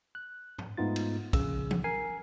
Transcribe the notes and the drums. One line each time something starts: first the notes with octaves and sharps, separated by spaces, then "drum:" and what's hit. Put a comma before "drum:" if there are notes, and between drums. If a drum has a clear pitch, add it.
F#6
drum: tom
G#2 A3 B3 D#4 F4 A6
drum: cymbal
A#1 C#3 E6, drum: kick, cymbal
drum: tom E3
A#4 G#5 C7